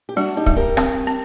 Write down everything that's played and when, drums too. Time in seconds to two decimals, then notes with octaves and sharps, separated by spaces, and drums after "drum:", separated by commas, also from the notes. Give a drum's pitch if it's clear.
0.09 G4
0.16 G3 D4 F#4
0.37 D#4 G4
0.46 G3, drum: kick
0.57 G4 A#4
0.77 C4, drum: rim click
1.07 C4